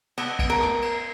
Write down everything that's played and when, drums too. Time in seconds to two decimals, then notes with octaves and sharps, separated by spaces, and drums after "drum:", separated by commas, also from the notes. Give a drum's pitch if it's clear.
0.18 B3, drum: cymbal
0.39 drum: kick A#1, cymbal
0.50 A#4
0.61 drum: rim click
0.82 drum: cymbal